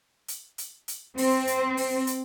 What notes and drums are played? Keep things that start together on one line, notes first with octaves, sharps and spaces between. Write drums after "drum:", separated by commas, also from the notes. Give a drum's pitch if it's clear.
drum: hi-hat
drum: hi-hat
drum: hi-hat
C4, drum: open hi-hat
drum: hi-hat
drum: open hi-hat
drum: hi-hat